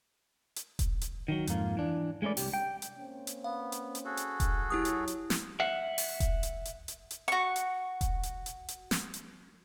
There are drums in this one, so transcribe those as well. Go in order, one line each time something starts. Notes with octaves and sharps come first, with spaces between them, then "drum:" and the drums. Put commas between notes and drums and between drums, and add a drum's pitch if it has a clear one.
drum: hi-hat
drum: kick E1, hi-hat
drum: hi-hat
D#3 E3 F#3
F2 G#2 A#3 F4, drum: hi-hat
E3 D4
G#3 A3 C#4 B4 D5
C2 G4, drum: open hi-hat
G5
drum: hi-hat
A#3 C4 C#4
drum: hi-hat
B3 F5
drum: hi-hat
drum: hi-hat
F#4 G#4 A4
drum: hi-hat
drum: kick E1, hi-hat
F#3 E4 G4 D#6
drum: hi-hat
drum: hi-hat
drum: snare
E5 F#5
drum: open hi-hat
drum: kick E1, hi-hat
drum: hi-hat
drum: hi-hat
drum: hi-hat
drum: hi-hat
F#4 C#6
drum: hi-hat
drum: kick E1, hi-hat
drum: hi-hat
drum: hi-hat
drum: hi-hat
drum: snare
drum: hi-hat